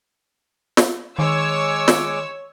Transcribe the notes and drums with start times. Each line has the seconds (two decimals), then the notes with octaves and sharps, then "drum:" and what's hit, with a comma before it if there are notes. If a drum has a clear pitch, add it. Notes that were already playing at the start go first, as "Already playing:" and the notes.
0.77 drum: snare
1.19 D#3 G#3 C#5 G#5 D6 E6
1.88 drum: snare